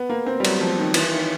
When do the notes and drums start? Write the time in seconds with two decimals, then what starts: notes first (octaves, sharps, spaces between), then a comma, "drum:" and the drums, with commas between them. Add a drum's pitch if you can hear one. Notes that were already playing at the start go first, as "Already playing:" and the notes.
Already playing: B3
0.10 A#3
0.26 C4
0.40 G3
0.45 F#3, drum: cymbal
0.61 F3
0.78 D#3
0.94 E3, drum: cymbal
1.12 D#3